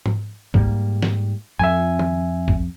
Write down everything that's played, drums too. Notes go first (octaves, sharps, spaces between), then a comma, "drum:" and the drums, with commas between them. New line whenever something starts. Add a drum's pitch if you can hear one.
drum: tom
G#2 G3 A#3, drum: kick C2
drum: snare
F2 E5 G#5
drum: tom D#3
drum: kick C2